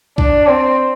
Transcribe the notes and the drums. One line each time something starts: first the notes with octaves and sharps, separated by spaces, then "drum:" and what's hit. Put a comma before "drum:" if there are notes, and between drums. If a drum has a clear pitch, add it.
D4, drum: kick
C4